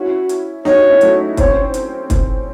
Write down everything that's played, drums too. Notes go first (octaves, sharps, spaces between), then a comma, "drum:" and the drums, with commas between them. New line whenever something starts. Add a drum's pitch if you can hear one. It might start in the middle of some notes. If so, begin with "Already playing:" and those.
Already playing: C#4 E4 F#4
drum: hi-hat
D#4 F#4 C#5, drum: snare
D#4 F#4
C#4 E4
F#3 A3, drum: hi-hat
C4 C#5, drum: kick, hi-hat
C#4
drum: hi-hat
drum: kick, hi-hat